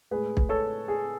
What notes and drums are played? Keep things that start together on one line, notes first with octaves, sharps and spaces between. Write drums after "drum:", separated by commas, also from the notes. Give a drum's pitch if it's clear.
A2 G#3 G#4 B4
drum: kick
A4 C#5
G#4